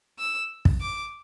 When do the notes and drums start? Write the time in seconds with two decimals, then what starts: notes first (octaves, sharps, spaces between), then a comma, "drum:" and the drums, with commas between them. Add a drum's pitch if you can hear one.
0.19 E6
0.65 drum: kick
0.81 D6